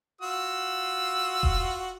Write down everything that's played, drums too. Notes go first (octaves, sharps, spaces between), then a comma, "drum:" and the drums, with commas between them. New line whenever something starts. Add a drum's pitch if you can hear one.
F4 F#4 E6
drum: kick E1